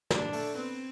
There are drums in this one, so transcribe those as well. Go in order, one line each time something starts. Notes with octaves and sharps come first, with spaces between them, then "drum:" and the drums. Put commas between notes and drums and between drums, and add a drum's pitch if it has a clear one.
D4 G4, drum: snare
A3 A4, drum: open hi-hat
B3 C4 B4